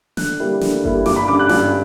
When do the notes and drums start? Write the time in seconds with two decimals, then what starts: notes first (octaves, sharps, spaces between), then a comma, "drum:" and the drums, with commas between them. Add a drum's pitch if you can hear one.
0.17 D3 F#6, drum: snare
0.40 G3 A#3 E4
0.61 D3, drum: snare
0.84 G3 A#3 E4, drum: kick G1
1.06 G2 D6, drum: snare
1.16 B5
1.28 D3 G3 C#4 D6
1.39 F#6
1.49 G2, drum: snare